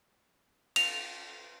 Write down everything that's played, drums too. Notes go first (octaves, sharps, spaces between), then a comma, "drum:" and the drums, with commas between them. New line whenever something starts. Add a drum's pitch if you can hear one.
F7, drum: cymbal